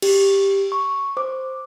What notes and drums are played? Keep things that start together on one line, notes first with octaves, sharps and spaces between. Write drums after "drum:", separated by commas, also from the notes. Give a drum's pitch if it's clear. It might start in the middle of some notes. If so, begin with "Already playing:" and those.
G4, drum: cymbal
C#6
C5 D6